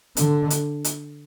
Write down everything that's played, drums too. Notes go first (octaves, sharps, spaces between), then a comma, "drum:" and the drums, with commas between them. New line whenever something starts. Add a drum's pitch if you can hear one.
D3, drum: hi-hat
drum: hi-hat
drum: hi-hat